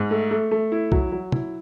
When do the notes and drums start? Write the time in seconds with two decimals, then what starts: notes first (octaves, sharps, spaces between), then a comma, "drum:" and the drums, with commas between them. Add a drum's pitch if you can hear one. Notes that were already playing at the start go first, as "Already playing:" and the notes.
Already playing: G#2
0.11 A3
0.31 A3
0.51 A3
0.72 E4
0.92 F#3, drum: kick C2
1.12 F#3
1.32 E4, drum: tom